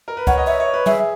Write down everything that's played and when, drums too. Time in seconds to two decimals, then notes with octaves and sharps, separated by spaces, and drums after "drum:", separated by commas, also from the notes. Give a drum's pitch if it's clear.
0.08 A#4
0.17 B4
0.27 C#5 F#5, drum: kick C#2
0.37 D#5
0.47 C#5 E5
0.60 C#5
0.74 B4
0.86 G#4 E5, drum: tom